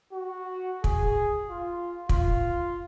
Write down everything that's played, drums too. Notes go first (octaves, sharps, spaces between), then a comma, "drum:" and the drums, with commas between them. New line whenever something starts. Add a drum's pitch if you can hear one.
F#4
G#4, drum: kick
F4
F4, drum: kick